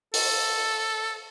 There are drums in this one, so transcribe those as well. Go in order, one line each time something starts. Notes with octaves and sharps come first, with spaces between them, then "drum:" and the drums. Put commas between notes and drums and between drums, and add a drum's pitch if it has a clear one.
A4, drum: open hi-hat